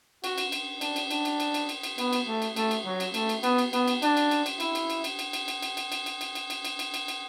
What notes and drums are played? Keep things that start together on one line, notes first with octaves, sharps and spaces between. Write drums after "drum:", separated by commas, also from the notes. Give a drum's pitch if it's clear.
F#4, drum: cymbal
drum: cymbal
drum: cymbal
D4, drum: cymbal
drum: cymbal
D4, drum: cymbal
drum: cymbal
drum: cymbal
drum: cymbal
drum: cymbal
drum: cymbal
B3, drum: cymbal
drum: cymbal
A3
drum: cymbal
A3, drum: cymbal
drum: cymbal
F#3
drum: cymbal
A3, drum: cymbal
drum: cymbal
B3, drum: cymbal
drum: cymbal
B3, drum: cymbal
drum: cymbal
D4, drum: cymbal
drum: cymbal
drum: cymbal
drum: cymbal
E4, drum: cymbal
drum: cymbal
drum: cymbal
drum: cymbal
drum: cymbal
drum: cymbal
drum: cymbal
drum: cymbal
drum: cymbal
drum: cymbal
drum: cymbal
drum: cymbal
drum: cymbal
drum: cymbal
drum: cymbal
drum: cymbal
drum: cymbal
drum: cymbal